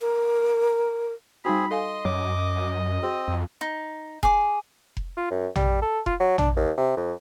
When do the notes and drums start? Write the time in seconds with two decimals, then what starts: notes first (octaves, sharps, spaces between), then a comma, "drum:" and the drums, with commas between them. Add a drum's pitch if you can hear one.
0.01 A#4
1.45 G3 C4 D#4 F#4 G#4 B5
1.71 A4 D#5 F5 G#5 C6
2.05 F#2 C#5 D6
3.03 C4 F#4 G#4 C5
3.28 F2
3.61 D#4
4.23 G#4 D6, drum: kick F1
4.97 drum: kick F1
5.17 F4
5.31 F#2
5.55 G3, drum: tom
5.82 A4
6.06 F4, drum: kick F1
6.20 F#3
6.38 D4, drum: tom
6.56 D#2
6.78 C3
6.97 F2